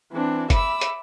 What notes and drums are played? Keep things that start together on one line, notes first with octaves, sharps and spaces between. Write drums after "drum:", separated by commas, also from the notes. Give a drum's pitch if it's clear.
E3 C4 D4
E5 B5 D6 E6, drum: kick G1, hi-hat
drum: hi-hat